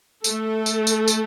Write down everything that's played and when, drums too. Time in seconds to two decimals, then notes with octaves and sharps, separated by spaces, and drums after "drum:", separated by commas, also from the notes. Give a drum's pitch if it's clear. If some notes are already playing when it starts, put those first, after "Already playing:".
0.24 A3 A4, drum: tambourine
0.66 drum: tambourine
0.87 drum: tambourine
1.08 drum: tambourine